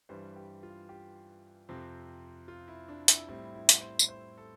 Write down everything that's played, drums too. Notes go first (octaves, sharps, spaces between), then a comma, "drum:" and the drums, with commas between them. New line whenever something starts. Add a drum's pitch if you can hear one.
G2 E3 G3 C5
G4
F4
G4
F2 C3 F3 C4
F4
E4
D4
E4, drum: hi-hat
A2 G3 C4 E4
E4
drum: hi-hat
C5
drum: tambourine
C5
A4